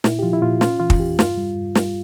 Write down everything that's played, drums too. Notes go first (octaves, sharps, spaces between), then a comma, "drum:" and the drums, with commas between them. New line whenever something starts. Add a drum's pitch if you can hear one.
A#2 E4, drum: snare
G4
F3 F4
E4
A#2 F4
C#4 F4, drum: snare
E3 F4
drum: kick
E2 G4
G2 F4, drum: snare
G3
G2
G3 F4, drum: snare